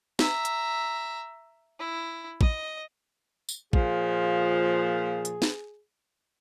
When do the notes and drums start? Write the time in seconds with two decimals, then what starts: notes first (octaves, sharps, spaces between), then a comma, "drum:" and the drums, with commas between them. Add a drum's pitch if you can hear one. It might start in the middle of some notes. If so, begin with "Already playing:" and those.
0.19 E5 A#5, drum: snare
0.45 drum: hi-hat
1.80 E4
2.41 D#5, drum: kick
3.49 drum: tambourine
3.73 A#2 F3 G#4, drum: kick
5.25 drum: hi-hat
5.42 drum: snare